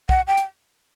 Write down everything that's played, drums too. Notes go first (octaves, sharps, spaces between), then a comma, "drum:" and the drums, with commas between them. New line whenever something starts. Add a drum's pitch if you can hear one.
F#5, drum: kick
G5
drum: hi-hat